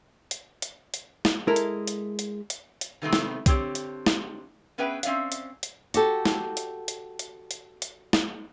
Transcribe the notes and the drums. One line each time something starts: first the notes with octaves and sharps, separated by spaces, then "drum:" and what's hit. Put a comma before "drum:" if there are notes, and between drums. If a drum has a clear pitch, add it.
drum: hi-hat
drum: hi-hat
drum: hi-hat
drum: snare
G#3 E4 A4 A#4
drum: hi-hat
drum: hi-hat
drum: hi-hat
drum: hi-hat
drum: hi-hat
C3 D#3 G3 A3 B3 C4
drum: snare
D3 C4 G4 C#5, drum: kick B1, hi-hat
drum: hi-hat
drum: snare
B3 C#4 G#4 B4 E5 G5
C4 C#4 D5 E5 F5, drum: hi-hat
drum: hi-hat
drum: hi-hat
F#4 G4 A4, drum: hi-hat
drum: snare
drum: hi-hat
drum: hi-hat
drum: hi-hat
drum: hi-hat
drum: hi-hat
drum: snare